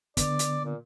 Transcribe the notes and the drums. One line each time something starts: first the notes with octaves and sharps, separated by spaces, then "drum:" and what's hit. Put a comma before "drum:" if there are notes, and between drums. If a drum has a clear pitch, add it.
D3 B3 D5, drum: kick, hi-hat
drum: hi-hat
A#2